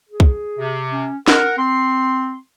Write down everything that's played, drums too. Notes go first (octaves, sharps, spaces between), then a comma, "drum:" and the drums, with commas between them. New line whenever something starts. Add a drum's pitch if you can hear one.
G#4
drum: kick
C3
C#4
A#4 F#5, drum: snare
C4 C6